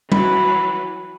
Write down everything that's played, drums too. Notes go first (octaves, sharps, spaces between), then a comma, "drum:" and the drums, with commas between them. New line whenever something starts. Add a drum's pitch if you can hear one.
E3 F#3 B4 B5, drum: tom G3